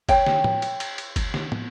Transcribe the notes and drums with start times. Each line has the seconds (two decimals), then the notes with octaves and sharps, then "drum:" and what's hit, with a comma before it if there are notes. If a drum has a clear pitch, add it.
0.09 C#5 G5, drum: kick, cymbal
0.26 drum: snare
0.44 drum: tom
0.62 drum: cymbal
0.80 drum: cymbal
0.98 drum: cymbal
1.16 drum: kick, cymbal
1.34 drum: snare
1.52 drum: tom